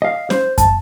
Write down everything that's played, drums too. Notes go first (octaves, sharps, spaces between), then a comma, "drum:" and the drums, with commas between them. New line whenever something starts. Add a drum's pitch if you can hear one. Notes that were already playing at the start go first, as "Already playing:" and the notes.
D#5 F5
C5, drum: snare C#4
A5, drum: kick F#2, hi-hat